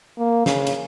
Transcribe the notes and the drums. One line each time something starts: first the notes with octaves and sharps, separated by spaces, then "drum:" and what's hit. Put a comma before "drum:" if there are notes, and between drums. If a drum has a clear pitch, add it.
A#3
C#3, drum: snare
drum: cymbal